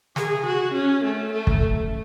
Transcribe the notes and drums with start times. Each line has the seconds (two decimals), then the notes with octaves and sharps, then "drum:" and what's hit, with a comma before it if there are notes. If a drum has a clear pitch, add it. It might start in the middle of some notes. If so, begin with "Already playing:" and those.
0.16 G#4, drum: snare
0.46 F#4
0.74 C#4
1.04 A3
1.32 A3
1.47 drum: kick